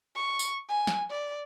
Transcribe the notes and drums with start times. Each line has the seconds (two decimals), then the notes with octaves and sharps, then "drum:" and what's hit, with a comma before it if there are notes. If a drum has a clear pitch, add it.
0.15 C#6
0.39 drum: tambourine
0.68 G#5
0.87 drum: snare
1.10 D5